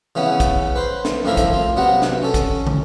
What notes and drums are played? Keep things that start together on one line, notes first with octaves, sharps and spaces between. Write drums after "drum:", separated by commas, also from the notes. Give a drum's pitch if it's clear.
C#3 E3 B3 C#4
drum: kick, hi-hat
B4 C5
drum: snare
F2 A2 F3 E4 A#4 E5
drum: kick, hi-hat
F4
C3 F#3 B3 F#5
drum: snare
C#4 A4
drum: kick, hi-hat
drum: tom